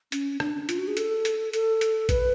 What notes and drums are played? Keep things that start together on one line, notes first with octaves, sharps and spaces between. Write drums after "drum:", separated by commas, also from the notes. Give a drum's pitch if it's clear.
C#4, drum: hi-hat
D4, drum: rim click
F4, drum: hi-hat
F#4
G#4
A4, drum: hi-hat
drum: hi-hat
A4, drum: hi-hat
drum: hi-hat
B4, drum: kick, hi-hat